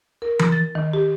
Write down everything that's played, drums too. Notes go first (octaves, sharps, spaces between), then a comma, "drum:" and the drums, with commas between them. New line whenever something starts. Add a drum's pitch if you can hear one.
A#4
drum: tom E3
A6
D#3
G4